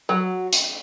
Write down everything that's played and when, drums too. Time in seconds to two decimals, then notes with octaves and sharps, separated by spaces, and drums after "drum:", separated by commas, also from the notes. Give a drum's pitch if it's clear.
0.09 F#3
0.53 drum: hi-hat